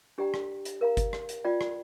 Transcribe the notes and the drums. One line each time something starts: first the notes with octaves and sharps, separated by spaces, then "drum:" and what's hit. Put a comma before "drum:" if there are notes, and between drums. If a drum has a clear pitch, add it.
D4 G4 D5 G5 A#5
drum: rim click
drum: hi-hat
A#4 F5 A#5
drum: kick G1, hi-hat
drum: rim click
drum: hi-hat
F4 D5 G5
drum: rim click